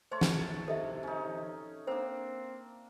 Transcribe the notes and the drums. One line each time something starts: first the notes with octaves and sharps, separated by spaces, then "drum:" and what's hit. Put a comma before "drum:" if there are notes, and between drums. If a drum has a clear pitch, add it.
A3 C5 C#5 A5 C6
drum: snare
C3 A4 D#5 E5
C#4 D#4
A#3 C4 D4 C5